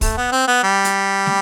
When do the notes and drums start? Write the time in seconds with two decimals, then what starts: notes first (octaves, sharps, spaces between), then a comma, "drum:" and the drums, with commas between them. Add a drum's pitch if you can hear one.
0.01 A3, drum: kick, open hi-hat
0.17 B3
0.32 C4
0.47 B3
0.63 G3
0.84 drum: hi-hat
1.26 drum: snare